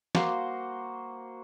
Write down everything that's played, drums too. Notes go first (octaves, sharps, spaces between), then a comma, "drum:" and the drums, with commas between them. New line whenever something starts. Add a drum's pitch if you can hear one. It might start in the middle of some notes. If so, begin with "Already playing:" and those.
A#3 F#4 C5 C6, drum: snare